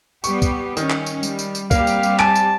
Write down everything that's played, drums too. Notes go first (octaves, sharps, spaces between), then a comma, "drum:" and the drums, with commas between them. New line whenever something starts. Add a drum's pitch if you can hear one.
G3 B3 G4 C#6, drum: tambourine
drum: kick C2, tambourine
D#3 C#4, drum: tambourine
drum: clap
drum: tambourine
G3, drum: tambourine
drum: tambourine
drum: tambourine
G3 A#3 C4 G4 F5, drum: kick C2, tambourine
drum: tambourine
drum: tambourine
G#5 A5 D7, drum: clap
drum: tambourine